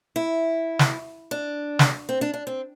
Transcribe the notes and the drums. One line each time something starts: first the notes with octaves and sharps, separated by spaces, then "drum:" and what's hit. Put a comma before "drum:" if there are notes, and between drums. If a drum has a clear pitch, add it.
E4
drum: snare
D4
drum: snare
C4
D4
D4
C4